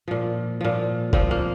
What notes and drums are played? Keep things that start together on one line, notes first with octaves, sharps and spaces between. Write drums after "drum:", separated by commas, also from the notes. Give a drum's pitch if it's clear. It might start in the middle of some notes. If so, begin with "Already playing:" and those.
A#2 F3
A#2 F3
A#2 F3 C4, drum: kick
A#3